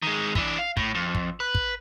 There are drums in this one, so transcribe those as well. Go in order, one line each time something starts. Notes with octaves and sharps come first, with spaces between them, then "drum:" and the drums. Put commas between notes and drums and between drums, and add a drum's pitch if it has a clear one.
D#3 G#3
E3 D4, drum: kick
F5
A2, drum: kick
F2
drum: kick
B4
drum: kick